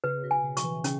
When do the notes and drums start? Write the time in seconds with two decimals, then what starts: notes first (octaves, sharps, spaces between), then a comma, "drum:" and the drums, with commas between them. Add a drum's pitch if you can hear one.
0.04 C#3 B4
0.24 B2
0.31 G#5
0.44 C#3
0.57 C#6, drum: hi-hat
0.64 E3
0.84 C#3 C#4, drum: hi-hat